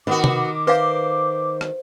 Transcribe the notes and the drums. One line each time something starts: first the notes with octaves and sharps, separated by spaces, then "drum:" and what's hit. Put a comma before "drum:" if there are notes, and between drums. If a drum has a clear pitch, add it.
D#3 B3 F#4 D6
drum: tom C3
B4 C5 E5 F5
drum: rim click